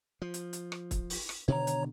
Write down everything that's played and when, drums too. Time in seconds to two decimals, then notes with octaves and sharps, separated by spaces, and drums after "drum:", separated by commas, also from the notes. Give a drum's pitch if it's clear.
0.22 F3
0.34 drum: hi-hat
0.53 drum: hi-hat
0.72 drum: rim click
0.91 drum: kick, hi-hat
1.10 drum: open hi-hat
1.29 drum: rim click
1.48 B2 D3 D#3 C#5 A#5
1.67 drum: hi-hat